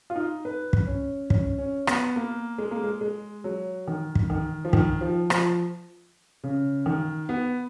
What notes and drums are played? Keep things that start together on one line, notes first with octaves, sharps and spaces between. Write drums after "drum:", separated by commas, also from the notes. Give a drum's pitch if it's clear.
F4
D#4
B4
drum: kick
C#4
C#4, drum: kick
C#4
B3, drum: rim click
A#3
G#3
A#3
G#3
G#3
F#3
D#3
drum: kick
D#3
F3
D#3, drum: kick
F3
F3, drum: rim click
C#3
D#3
B3